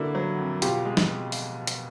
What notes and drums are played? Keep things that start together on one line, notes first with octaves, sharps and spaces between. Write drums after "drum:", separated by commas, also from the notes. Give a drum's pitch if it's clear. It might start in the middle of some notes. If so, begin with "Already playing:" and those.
Already playing: D3 A#3 E4 F#4
F#3
F2
B2 F4 G4, drum: hi-hat
G#3
drum: snare
drum: open hi-hat
drum: hi-hat